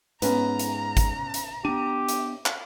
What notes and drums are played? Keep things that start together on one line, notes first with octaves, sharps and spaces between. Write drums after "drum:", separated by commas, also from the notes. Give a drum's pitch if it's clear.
G#2 B3 C#4 B4 A#5, drum: hi-hat
drum: hi-hat
drum: kick G#1, hi-hat
drum: hi-hat
B3 D4 G4 D#7
drum: hi-hat
drum: clap